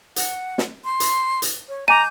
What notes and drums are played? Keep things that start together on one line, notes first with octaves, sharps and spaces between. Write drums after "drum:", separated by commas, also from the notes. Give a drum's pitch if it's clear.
F#5, drum: hi-hat
drum: snare
C6
drum: hi-hat
drum: hi-hat
C#5
D#5 G#5 A#5 D6 G6 D#7